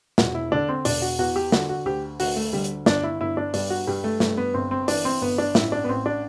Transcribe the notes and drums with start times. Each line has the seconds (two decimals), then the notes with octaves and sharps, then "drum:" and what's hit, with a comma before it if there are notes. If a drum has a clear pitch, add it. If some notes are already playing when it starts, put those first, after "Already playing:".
0.18 E1 F#4, drum: snare
0.35 E4
0.52 D3 D4
0.69 C4
0.85 E1 D4, drum: open hi-hat
1.02 F#4
1.19 E2 F#4
1.36 G4
1.52 D3 F#4, drum: snare
1.69 F#4
1.86 D2 G4
2.20 D2 F#4, drum: open hi-hat
2.36 A3
2.53 D3 G3
2.64 drum: hi-hat
2.86 G1 D4, drum: snare
3.04 E4
3.20 G1 E4
3.37 D4
3.54 G2 D4, drum: open hi-hat
3.70 F#4
3.87 G2 G3
4.04 A3
4.20 G2 A3, drum: snare
4.37 B3
4.54 G1 C4
4.71 C4
4.88 E3 D4, drum: open hi-hat
5.05 C4
5.21 G1 B3
5.38 D4
5.55 A1 E4, drum: snare
5.72 D4
5.84 B3
5.88 A1 C4
6.06 D4